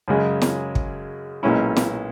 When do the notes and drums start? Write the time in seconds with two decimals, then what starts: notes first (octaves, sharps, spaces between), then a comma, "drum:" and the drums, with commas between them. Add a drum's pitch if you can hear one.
0.08 F#2 C#3 G#3
0.42 drum: snare
0.75 drum: kick
1.43 B1 A#2 G#3 C#4 E4
1.76 drum: snare